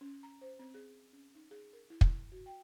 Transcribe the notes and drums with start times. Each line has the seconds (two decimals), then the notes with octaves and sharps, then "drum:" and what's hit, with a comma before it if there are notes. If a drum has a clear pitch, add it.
0.01 C#4
0.23 A#5
0.41 C5
0.59 C4
0.74 G#4
1.13 C#4
1.35 D#4
1.51 G#4
1.73 A#4
1.90 E4
2.01 drum: kick
2.32 F#4
2.46 G5